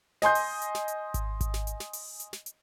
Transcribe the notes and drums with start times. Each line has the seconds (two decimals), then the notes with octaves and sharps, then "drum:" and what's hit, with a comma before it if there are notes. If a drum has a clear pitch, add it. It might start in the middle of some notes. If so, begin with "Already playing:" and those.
0.22 D#5 G#5 C6 G6, drum: snare
0.35 drum: open hi-hat
0.61 drum: hi-hat
0.75 drum: snare
0.88 drum: hi-hat
1.14 drum: kick G#1, hi-hat
1.41 drum: kick G#1, hi-hat
1.54 drum: snare
1.67 drum: hi-hat
1.80 drum: snare
1.93 drum: open hi-hat
2.20 drum: hi-hat
2.33 drum: snare
2.46 drum: hi-hat